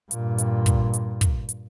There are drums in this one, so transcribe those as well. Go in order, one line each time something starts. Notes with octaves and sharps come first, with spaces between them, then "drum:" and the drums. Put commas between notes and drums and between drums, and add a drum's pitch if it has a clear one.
G2 A#2, drum: hi-hat
drum: hi-hat
drum: kick, hi-hat
drum: hi-hat
drum: kick, hi-hat
drum: hi-hat